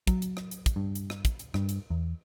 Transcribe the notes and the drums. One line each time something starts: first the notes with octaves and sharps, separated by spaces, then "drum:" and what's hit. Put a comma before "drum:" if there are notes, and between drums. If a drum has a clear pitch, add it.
F#3, drum: kick, hi-hat
drum: hi-hat
drum: rim click
drum: hi-hat
drum: kick, hi-hat
G2
drum: hi-hat
drum: rim click
drum: kick, hi-hat
drum: hi-hat
G2, drum: rim click
drum: hi-hat
E2